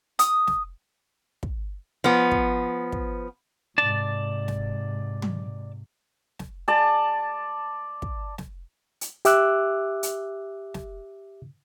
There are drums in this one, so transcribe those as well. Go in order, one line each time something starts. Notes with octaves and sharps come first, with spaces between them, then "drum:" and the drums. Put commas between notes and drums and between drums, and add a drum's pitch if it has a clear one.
D#6, drum: hi-hat
drum: snare
drum: kick
F3 B3
drum: kick
drum: kick
G#2 C3 D5 A5
drum: snare
drum: tom
drum: snare
D5 A5
drum: kick
drum: snare
drum: hi-hat
G4 E5 D6 E6 F#6, drum: hi-hat
drum: hi-hat
drum: snare